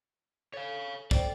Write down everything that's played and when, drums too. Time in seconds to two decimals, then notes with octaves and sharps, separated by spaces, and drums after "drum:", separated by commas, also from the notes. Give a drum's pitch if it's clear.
0.54 A4 C#5 F5
1.11 A4 C5 D5 G5, drum: kick